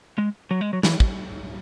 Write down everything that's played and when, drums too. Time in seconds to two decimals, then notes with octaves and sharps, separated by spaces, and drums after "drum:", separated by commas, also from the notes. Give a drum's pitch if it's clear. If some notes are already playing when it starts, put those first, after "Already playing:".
0.18 G#3
0.51 F#3
0.61 G#3
0.73 F#3
0.83 E3, drum: snare
1.00 drum: kick